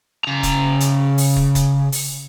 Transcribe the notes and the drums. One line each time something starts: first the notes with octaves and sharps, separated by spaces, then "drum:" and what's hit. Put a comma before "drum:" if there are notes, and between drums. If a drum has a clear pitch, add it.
C#3 A#5
drum: kick, hi-hat
drum: hi-hat
drum: open hi-hat
drum: kick
drum: kick, hi-hat
drum: open hi-hat